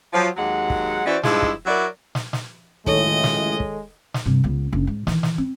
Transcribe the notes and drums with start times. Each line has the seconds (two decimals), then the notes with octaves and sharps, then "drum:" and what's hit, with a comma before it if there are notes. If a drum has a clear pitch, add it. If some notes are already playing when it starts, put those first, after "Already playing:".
0.13 F3 F#3
0.37 D#2 F#3 G#3 F#5
0.70 drum: kick
1.06 E3 C#4 F#4 C5 D5 E5
1.23 G2 F3 G#3 D#4 E4, drum: snare
1.42 drum: kick
1.66 F#3 E4 F#4 A#4 D5
2.15 drum: snare
2.33 drum: snare
2.87 C#2 F#2 A2 D#3 G#3 A4 C#5 D#5, drum: kick
3.24 drum: snare
3.60 drum: kick
4.14 drum: snare
4.26 G2 C3
4.44 C#2 B3
4.73 F#1 D4
4.87 G#2
5.07 D#3 E3, drum: snare
5.23 drum: snare
5.38 C4